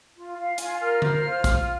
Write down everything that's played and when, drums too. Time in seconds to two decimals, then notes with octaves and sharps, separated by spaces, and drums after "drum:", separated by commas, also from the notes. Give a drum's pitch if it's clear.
0.16 F4
0.38 F4 F5
0.58 F4 G#5, drum: hi-hat
0.80 A#4 F6
1.02 C5, drum: tom D3
1.23 F4
1.44 F4, drum: kick, hi-hat